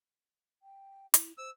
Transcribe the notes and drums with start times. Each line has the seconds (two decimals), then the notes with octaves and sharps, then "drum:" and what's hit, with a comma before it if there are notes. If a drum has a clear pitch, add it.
0.63 G5
1.14 E4, drum: hi-hat
1.38 C5 E6